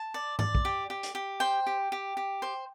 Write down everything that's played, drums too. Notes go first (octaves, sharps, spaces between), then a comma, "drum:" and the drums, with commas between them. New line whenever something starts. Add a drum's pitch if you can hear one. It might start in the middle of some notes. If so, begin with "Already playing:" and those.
Already playing: A5
D5
D5, drum: tom G#2
drum: kick
G4
G4
drum: hi-hat
G4
C5 G5
G4
G4
G4
C5